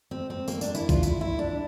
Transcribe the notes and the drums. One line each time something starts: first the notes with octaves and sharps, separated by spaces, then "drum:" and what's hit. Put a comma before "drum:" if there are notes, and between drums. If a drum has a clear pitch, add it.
C4
C4
A#3, drum: tambourine
D4, drum: tambourine
E4, drum: tambourine
F4, drum: kick B1, tambourine
E4, drum: tambourine
E4
D4